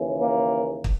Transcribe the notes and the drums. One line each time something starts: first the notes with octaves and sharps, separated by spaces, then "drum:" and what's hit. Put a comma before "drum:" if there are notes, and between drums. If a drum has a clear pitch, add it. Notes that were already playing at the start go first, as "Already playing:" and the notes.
Already playing: D#2 C#3 E3
A#3
drum: kick